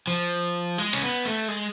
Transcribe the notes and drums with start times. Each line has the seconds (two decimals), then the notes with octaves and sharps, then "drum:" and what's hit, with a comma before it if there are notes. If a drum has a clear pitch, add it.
0.07 F3
0.78 G#3
0.93 C#4, drum: cymbal
1.02 B3
1.25 A3
1.48 G#3